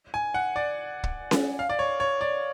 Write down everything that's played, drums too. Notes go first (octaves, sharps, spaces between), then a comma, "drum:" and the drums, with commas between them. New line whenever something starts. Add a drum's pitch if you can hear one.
G#5
F#5
D5
drum: kick
drum: snare C#4
F5
D5
C#5
C#5
D5